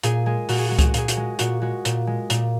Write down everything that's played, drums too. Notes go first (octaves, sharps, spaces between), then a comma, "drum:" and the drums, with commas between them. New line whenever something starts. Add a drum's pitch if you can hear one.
A#2 G#4, drum: hi-hat
G#3 G#4
A#2 F#4, drum: open hi-hat
G#4
G#3 F#4
G#4, drum: kick C#2, hi-hat
F#4
A#2 G#4, drum: hi-hat
F#4, drum: hi-hat
G#3
A#2 F#4, drum: hi-hat
G#3 F#4
A#2, drum: hi-hat
G#3
A#2, drum: hi-hat